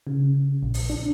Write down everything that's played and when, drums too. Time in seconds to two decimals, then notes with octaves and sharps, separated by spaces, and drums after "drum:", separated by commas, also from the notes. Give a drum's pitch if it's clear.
0.07 C#3
0.63 A#1
0.74 drum: open hi-hat
0.90 D4